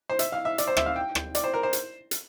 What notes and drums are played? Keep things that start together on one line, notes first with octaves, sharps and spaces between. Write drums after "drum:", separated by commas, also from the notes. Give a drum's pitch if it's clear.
C5
E5, drum: hi-hat
F5
E5
D5, drum: hi-hat
C5
E5, drum: rim click
F5
G5
drum: rim click
D5, drum: hi-hat
C5
A#4
C5
drum: hi-hat
drum: hi-hat